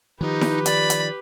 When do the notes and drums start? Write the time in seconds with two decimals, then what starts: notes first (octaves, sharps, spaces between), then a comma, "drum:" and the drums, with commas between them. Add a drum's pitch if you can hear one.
0.21 D#3 F3 D#4 G4 B4
0.41 drum: snare E4
0.66 D5 B5, drum: hi-hat
0.90 drum: hi-hat